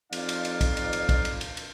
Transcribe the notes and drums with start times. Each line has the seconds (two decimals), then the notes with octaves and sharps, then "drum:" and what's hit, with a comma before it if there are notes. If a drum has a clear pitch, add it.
0.13 F2 D#4 F4 D5 F5, drum: cymbal
0.29 drum: cymbal
0.45 drum: cymbal
0.61 drum: kick, cymbal
0.77 drum: cymbal
0.93 drum: cymbal
1.09 drum: kick, cymbal
1.25 drum: cymbal
1.41 drum: cymbal
1.57 drum: cymbal